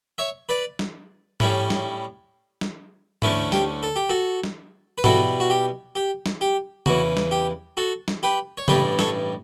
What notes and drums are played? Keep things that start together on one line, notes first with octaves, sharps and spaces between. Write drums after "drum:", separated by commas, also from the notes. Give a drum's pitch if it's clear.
C#5 E5
B4 D5
drum: snare
A2 G3 C#4 E4, drum: tom G#2
drum: snare
drum: snare
D2 D3 A3 C#4 E4, drum: tom G#2
G4, drum: snare
A4
G4
F#4 A4
drum: snare
B4
B2 G3 B3 E4 F#4 A4, drum: tom G#2
F#4
G4
G4
drum: snare
G4
E2 C#3 E3 F#4, drum: tom C#3
drum: snare
G4
F#4 A4
drum: snare
G4 B4
C#5
A1 G2 E3 G3 G4 B4, drum: tom C#3
A4 C#5, drum: snare